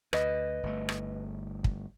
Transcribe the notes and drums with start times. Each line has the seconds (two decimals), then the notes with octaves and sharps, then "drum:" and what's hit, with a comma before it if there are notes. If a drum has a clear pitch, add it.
0.13 D2 B4 D#5, drum: rim click
0.63 G1 A3
0.89 drum: rim click
1.64 drum: kick